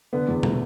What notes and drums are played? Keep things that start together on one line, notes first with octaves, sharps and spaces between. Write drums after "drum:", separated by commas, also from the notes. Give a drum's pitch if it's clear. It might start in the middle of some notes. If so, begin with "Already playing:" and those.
D3 B3
E2
A3, drum: tom